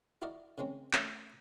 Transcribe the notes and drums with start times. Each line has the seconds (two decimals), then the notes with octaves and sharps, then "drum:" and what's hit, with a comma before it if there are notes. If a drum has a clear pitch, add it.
0.22 E4 F#4 A#4 D5 D#5 F5
0.58 C#3 G#3 A#3 C4 C#4
0.93 A3 A#3 C#4 F#4, drum: clap